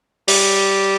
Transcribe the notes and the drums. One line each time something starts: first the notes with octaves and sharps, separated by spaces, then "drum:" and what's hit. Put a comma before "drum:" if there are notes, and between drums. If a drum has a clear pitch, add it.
G3, drum: open hi-hat